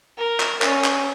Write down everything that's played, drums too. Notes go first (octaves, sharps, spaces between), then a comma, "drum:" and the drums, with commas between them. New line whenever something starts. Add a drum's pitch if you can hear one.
A#4
drum: clap
C#4, drum: clap
drum: clap